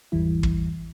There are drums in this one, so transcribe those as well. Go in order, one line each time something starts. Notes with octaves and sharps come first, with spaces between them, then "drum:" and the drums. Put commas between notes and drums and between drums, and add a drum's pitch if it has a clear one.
G#1 E2 G#2 E3 G3 E4
drum: kick